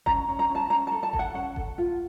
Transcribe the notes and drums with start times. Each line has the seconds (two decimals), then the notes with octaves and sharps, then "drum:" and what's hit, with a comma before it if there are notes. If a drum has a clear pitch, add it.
0.06 C#4 A#5, drum: kick F#1
0.29 C#4
0.39 A#5
0.50 C#4
0.55 A5
0.70 C#4 A#5
0.87 A5
0.92 A4
1.03 A5
1.13 A4, drum: kick F#1
1.19 F#5
1.34 C#4 F#5
1.56 A4, drum: kick F#1
1.78 F4